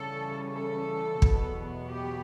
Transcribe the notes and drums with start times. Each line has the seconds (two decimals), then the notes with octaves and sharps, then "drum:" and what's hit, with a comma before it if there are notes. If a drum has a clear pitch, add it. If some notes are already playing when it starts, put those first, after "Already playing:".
Already playing: C#3 E3 G3 C#4 A4
0.54 A4
1.22 E2 B2 F#3 B3, drum: kick
1.90 G4